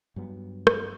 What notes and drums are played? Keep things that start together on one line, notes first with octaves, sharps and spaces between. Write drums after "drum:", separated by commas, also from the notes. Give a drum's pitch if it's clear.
G2 F#3 B3
drum: rim click